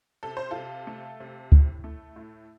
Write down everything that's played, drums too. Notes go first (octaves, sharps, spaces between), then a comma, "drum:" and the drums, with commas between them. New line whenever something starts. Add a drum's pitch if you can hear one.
C3 A4
C5
C3 F4 A4
A3
C3
A2, drum: kick C#2
A3
A2